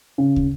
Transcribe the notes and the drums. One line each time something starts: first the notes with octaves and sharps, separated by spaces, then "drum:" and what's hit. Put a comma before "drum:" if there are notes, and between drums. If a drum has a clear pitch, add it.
C#3
drum: kick